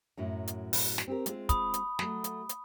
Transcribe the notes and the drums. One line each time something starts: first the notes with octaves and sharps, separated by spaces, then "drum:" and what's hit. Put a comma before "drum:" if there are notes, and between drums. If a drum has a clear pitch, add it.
F#2 A2 F#3
drum: hi-hat
drum: open hi-hat
drum: snare
C4 G4 A#4
G#3 C4 F4, drum: hi-hat
B5 D#6, drum: kick, hi-hat
drum: hi-hat
F#3 A3, drum: snare
drum: hi-hat
drum: hi-hat